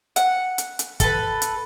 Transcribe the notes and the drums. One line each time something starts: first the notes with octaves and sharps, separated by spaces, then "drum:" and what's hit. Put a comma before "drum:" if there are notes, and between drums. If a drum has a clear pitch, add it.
F#5, drum: hi-hat
drum: hi-hat
drum: hi-hat
A4 B4, drum: kick, hi-hat
drum: hi-hat